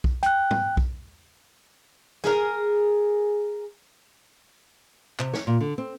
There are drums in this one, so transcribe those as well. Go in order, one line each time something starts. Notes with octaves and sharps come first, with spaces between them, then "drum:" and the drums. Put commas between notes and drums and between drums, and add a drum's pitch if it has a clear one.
drum: kick B1
G5 F#6, drum: hi-hat
drum: tom G#2
drum: kick B1
G#4 A#4, drum: snare
C3, drum: clap
C#5, drum: snare
A#2
D3
C4